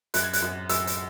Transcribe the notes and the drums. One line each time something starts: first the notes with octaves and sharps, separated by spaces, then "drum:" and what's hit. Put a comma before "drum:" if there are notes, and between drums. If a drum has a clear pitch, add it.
F#2 F#6, drum: hi-hat
G#6
F#6, drum: hi-hat
F#2
F#2 E6, drum: hi-hat
drum: hi-hat